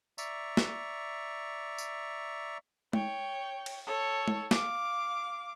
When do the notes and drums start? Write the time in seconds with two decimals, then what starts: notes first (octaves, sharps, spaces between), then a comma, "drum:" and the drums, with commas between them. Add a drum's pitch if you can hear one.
0.18 D5 E5 A#5 C#6, drum: tambourine
0.57 drum: snare
1.78 drum: tambourine
2.93 C#5 G5, drum: tom G#3
3.66 drum: cymbal
3.86 A4 C#5
4.28 drum: tom G#3
4.51 F5 D6, drum: snare